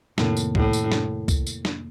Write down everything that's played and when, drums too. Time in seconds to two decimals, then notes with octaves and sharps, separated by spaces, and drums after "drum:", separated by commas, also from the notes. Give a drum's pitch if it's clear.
0.18 F2 A2 C3 D#3 A#3, drum: snare
0.37 drum: tambourine
0.55 A2, drum: kick
0.73 drum: tambourine
0.92 drum: snare
1.28 drum: kick, tambourine
1.47 drum: tambourine
1.65 drum: snare